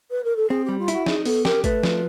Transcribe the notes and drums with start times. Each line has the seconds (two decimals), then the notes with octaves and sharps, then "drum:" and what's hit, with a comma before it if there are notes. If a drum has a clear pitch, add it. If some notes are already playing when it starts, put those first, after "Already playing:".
0.11 B4
0.24 A#4
0.36 A4
0.49 C4 G#4
0.65 G3 G4
0.79 F4
0.88 E4 F#4, drum: hi-hat
1.06 D#4 G#4, drum: snare
1.25 B3 A4, drum: open hi-hat
1.45 G4 A#4, drum: snare
1.64 A3 B4, drum: kick G#1, hi-hat
1.83 F3, drum: snare